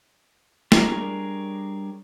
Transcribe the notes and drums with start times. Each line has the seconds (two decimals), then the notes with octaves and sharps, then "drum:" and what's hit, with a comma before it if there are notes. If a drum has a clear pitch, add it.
0.72 G3 D4 G#4 A#4 C#5, drum: snare